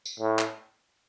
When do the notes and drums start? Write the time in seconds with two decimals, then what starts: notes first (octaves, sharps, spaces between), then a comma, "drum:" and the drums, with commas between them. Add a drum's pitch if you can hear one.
0.06 drum: tambourine
0.20 A2
0.39 drum: clap